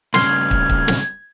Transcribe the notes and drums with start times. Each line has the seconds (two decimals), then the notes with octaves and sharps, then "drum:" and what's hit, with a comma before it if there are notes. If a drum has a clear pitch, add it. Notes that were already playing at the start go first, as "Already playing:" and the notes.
0.14 G2 C#3 C6 F6 G#6, drum: snare
0.51 drum: kick
0.69 drum: kick
0.88 drum: snare